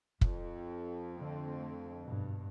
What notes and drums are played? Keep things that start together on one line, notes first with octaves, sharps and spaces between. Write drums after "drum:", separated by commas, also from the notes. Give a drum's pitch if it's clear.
F2, drum: kick
D3 A3 C4
G#1 G2 B2